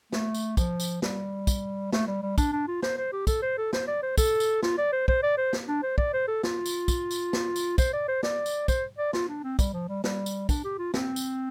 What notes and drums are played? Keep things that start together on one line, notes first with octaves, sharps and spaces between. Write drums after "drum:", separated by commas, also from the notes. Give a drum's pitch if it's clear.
A3, drum: snare
drum: tambourine
F3, drum: kick, tambourine
drum: tambourine
G3, drum: snare
drum: kick, tambourine
A3, drum: snare
G3
G3
D4, drum: kick, tambourine
D4
F4
C5, drum: snare
C5
G4
A4, drum: kick, tambourine
C5
A4
C5, drum: snare
D5
C5
A4, drum: kick, tambourine
drum: tambourine
F4, drum: snare
D5
C5
C5, drum: kick
D5
C5
drum: snare
D4
C5
D5, drum: kick
C5
A4
F4, drum: snare
drum: tambourine
drum: kick, tambourine
drum: tambourine
drum: snare
drum: tambourine
C5, drum: kick, tambourine
D5
C5
D5, drum: snare
drum: tambourine
C5, drum: kick, tambourine
D5
F4, drum: snare
D4
C4
G3, drum: kick, tambourine
F3
G3
G3, drum: snare
drum: tambourine
D4, drum: kick, tambourine
G4
F4
C4, drum: snare
drum: tambourine